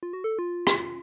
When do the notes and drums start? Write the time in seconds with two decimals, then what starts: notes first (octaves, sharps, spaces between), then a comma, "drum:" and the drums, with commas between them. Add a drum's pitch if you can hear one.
0.03 F4
0.13 F#4
0.24 A4
0.39 F4
0.67 drum: rim click